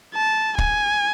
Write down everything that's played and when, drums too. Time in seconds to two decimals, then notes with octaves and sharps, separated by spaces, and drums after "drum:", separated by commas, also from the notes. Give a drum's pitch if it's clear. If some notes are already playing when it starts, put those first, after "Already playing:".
0.15 A5
0.58 G#5, drum: kick